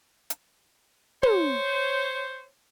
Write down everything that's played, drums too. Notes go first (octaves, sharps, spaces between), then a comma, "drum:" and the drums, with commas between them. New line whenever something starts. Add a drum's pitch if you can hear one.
drum: hi-hat
C5 C#5, drum: tom